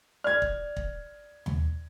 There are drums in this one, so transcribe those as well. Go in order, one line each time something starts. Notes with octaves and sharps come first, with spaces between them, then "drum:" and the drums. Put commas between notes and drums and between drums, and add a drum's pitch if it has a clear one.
D5 F6 G#6
drum: kick
drum: kick
drum: tom D#2